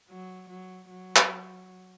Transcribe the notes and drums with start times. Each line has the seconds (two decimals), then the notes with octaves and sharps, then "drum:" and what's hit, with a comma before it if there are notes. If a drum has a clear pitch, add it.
0.10 F#3
0.49 F#3
0.90 F#3
1.16 drum: clap